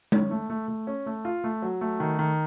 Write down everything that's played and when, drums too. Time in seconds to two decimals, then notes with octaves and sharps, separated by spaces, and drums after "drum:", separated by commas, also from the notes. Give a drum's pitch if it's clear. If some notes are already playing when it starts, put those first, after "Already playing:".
0.12 C#4, drum: tom G#3
0.31 A3
0.50 A3
0.68 A3
0.87 C#4
1.06 A3
1.25 F4
1.44 A3
1.62 F#3
1.81 A3
2.00 D#3
2.19 D#3